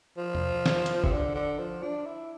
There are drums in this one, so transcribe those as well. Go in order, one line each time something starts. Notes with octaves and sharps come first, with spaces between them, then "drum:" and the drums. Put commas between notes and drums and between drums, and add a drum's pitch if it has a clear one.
F3
drum: tom
drum: snare
drum: hi-hat
C3, drum: kick G1
D3
D3
F3
D4
E4